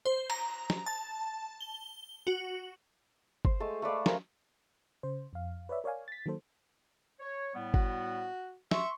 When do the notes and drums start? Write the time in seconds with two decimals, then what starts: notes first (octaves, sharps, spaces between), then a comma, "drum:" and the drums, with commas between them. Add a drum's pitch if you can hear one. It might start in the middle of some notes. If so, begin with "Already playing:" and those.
0.05 C5
0.30 A#5, drum: cymbal
0.70 drum: snare
0.86 A5
1.61 G7
2.27 F#4
3.45 C5, drum: kick
3.60 G#3 A3 A5
3.82 A3 B4 D5 F5
4.06 A#4 C5 G#5, drum: snare
5.03 C#3 C5
5.33 F2 F5
5.69 B4 C#5 D5 E5
5.84 A#4 C#5 D5 F5 G#5
6.08 A6 B6
6.26 D#3 F#3 A#3 A4 C5
7.20 C#5
7.55 A2 G3 B3
7.74 F#4, drum: kick
8.71 E5 C6 C#6, drum: snare